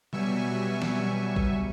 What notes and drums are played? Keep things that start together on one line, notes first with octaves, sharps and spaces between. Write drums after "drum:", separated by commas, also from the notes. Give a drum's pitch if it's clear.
B2 F#3 G3 E5 G#5 C#6, drum: tom B2
drum: snare
drum: kick A1